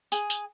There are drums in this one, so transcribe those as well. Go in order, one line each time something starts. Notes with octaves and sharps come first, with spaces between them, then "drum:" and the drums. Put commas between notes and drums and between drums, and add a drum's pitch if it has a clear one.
G#4, drum: tambourine
drum: tambourine